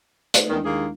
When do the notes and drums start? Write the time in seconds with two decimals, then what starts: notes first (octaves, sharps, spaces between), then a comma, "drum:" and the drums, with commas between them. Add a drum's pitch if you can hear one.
0.34 A3 D#4 B4, drum: hi-hat
0.49 E2 D#3 G#3 D4 E4
0.64 D#2 A#3 G#4